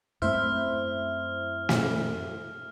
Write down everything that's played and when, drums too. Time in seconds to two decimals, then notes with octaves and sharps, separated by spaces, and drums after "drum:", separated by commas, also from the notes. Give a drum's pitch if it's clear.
0.22 F#2 A3 C4 E4 C5 E5 F6
1.69 drum: snare